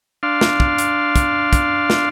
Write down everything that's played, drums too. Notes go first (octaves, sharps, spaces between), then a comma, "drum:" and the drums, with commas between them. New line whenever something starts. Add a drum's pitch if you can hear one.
D4 F5 C6
drum: snare
drum: kick
drum: hi-hat
drum: kick, hi-hat
drum: kick, hi-hat
drum: snare